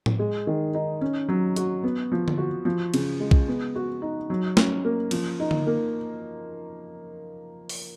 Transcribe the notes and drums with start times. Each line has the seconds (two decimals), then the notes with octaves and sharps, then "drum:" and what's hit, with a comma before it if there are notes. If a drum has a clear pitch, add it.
0.06 drum: tom A2
0.19 G#3
0.47 D#3
0.75 D#4
1.01 C#4
1.29 F#3
1.56 F#4, drum: hi-hat
1.83 B3
2.12 F3
2.28 drum: tom D3
2.38 F#4
2.65 F3
2.94 C#3, drum: cymbal
3.20 G#3
3.31 drum: kick B1
3.48 B3
3.75 F#4
4.02 D#4
4.30 F#3
4.57 C#4, drum: snare
4.84 A#3
5.11 F3, drum: cymbal
5.40 D#4
5.51 drum: tom D3
5.67 A#3
7.69 drum: open hi-hat